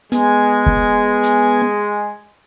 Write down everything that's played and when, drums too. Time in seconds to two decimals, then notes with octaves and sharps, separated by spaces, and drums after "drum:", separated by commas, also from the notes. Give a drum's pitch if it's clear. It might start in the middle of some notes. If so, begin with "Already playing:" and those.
0.12 G#3 B3 G#5, drum: hi-hat
0.66 drum: kick
1.23 drum: hi-hat